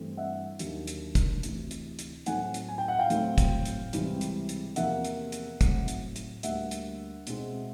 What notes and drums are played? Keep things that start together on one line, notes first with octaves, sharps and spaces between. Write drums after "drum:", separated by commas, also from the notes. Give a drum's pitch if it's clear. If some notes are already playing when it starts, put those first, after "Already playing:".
Already playing: G2 E3 A3 C4
E5 F#5
D#2 D3 F#3 A#3, drum: hi-hat
drum: hi-hat
drum: kick, hi-hat
D2 C3 E3, drum: hi-hat
drum: hi-hat
drum: hi-hat
A2 F#3 A3 C4 F#5 G#5, drum: hi-hat
drum: hi-hat
G#5
G5
F#5
F5 G5
A2 F#3 A3 C4, drum: hi-hat
drum: kick, hi-hat
drum: hi-hat
C#2 C3 E3 G3 C4, drum: hi-hat
drum: hi-hat
drum: hi-hat
E2 C3 F3 A#3 E5 F#5, drum: hi-hat
drum: hi-hat
drum: hi-hat
A2 F#3 A3 C4, drum: kick, hi-hat
drum: hi-hat
drum: hi-hat
D2 D3 G3 A#3 E5 F#5, drum: hi-hat
drum: hi-hat
B2 G#3 C4, drum: hi-hat